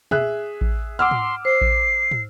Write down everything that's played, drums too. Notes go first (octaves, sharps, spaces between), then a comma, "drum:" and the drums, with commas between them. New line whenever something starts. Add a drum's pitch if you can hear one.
G#4 E5 F#6, drum: tom
drum: kick A1
F#5 C6 D6 E6 F6
drum: tom
C5 C7
drum: kick A1
drum: tom